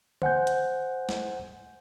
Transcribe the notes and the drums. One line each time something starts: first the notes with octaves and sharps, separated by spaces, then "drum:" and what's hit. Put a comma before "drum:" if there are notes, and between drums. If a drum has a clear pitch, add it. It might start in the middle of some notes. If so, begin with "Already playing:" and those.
C5 F#5 G#5 G6, drum: tom D3
drum: hi-hat
drum: snare